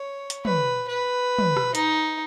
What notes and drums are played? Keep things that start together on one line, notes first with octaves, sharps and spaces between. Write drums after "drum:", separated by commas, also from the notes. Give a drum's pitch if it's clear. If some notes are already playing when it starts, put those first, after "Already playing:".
Already playing: C#5
drum: hi-hat
B4, drum: tom
B4
drum: tom
drum: rim click
D#4, drum: hi-hat